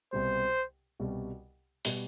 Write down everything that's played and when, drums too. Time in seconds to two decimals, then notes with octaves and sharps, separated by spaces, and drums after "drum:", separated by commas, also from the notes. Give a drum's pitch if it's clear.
0.13 C2 B2 G3 C5
1.00 C2 B2 G3
1.85 B2 G3, drum: open hi-hat